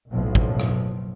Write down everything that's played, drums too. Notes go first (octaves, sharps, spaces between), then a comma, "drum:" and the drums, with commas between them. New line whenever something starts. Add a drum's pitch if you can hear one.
F#1 B1 A2 F3 F#3
drum: kick
drum: rim click